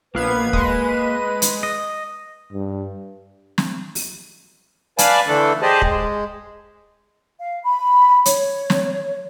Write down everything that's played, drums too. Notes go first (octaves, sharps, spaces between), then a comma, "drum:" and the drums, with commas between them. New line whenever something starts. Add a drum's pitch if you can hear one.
A#1 A#3 B3 B4 F5 G#6
G#3 D#7, drum: kick
drum: hi-hat
D#5
G2
drum: snare
drum: open hi-hat
B4 D5 F5 G#5 A5 B5, drum: hi-hat
D3 E3 A3 D4 A4
G4 G#4 C5 D5 D#5 A5
G#3, drum: kick
F5
B5
C#5, drum: hi-hat
drum: snare